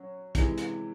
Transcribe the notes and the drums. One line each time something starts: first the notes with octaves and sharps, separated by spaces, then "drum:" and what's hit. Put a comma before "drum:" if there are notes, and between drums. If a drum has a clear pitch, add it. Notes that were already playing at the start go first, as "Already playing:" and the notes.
Already playing: F#3 C#4
C3 E3 G#3, drum: kick, hi-hat
drum: hi-hat